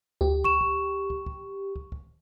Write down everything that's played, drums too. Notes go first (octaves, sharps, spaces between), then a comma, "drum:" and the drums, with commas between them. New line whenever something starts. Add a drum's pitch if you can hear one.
D2 G4
C#6 E7, drum: kick
drum: kick
drum: kick
drum: kick
drum: kick
drum: kick